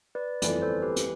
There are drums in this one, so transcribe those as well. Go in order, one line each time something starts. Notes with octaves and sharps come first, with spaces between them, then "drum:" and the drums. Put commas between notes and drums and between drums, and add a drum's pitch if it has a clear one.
B4 D5
G1 F2 E3 A3 B4 D5, drum: hi-hat
A4 C5
G4 B4
drum: hi-hat